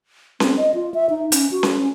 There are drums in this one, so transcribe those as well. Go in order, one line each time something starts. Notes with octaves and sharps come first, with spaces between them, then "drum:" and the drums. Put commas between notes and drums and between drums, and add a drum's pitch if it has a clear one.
C4, drum: snare C#4
D#5
F4
E5
D#4
C#4, drum: hi-hat
F#4
drum: snare C#4
C#4